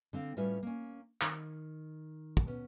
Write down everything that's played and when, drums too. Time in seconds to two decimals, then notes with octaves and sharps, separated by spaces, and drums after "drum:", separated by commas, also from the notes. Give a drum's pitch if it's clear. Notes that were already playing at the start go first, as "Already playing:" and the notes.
0.13 D3 C4 F5
0.37 A2 G3 C#4 F4 B4 E5
0.63 A#3 C#4
1.21 D#3, drum: clap
2.37 drum: kick
2.47 B3 C#4